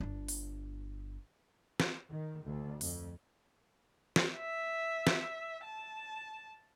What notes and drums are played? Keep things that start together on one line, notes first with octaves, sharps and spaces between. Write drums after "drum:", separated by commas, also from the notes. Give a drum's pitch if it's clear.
G1 D4
drum: open hi-hat
drum: snare
D#3
D2
F2, drum: open hi-hat
drum: snare
E5
drum: snare
A5